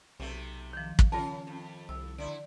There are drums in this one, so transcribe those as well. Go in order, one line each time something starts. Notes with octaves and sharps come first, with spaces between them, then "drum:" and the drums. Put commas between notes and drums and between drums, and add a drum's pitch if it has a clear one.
B1 C3 A3
D#3 F3
drum: kick
C#3 C#4 F4 A#4 A5
F2
C2 E6
D3 E4 D5